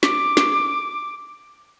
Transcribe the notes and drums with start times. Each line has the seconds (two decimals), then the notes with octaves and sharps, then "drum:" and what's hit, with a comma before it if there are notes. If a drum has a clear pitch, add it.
0.03 D6, drum: snare
0.37 drum: snare